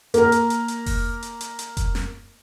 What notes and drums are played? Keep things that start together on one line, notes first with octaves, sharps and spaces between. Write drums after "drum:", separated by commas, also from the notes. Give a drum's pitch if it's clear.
A#3 A#4, drum: hi-hat
drum: hi-hat
drum: hi-hat
drum: hi-hat
drum: kick F1, open hi-hat
drum: hi-hat
drum: hi-hat
drum: hi-hat
drum: kick F1, hi-hat
drum: snare